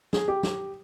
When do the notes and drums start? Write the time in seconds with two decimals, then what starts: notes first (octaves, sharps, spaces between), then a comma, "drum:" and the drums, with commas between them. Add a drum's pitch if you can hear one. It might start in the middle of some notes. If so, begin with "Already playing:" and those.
0.13 G#4, drum: snare
0.28 G4
0.43 G4, drum: snare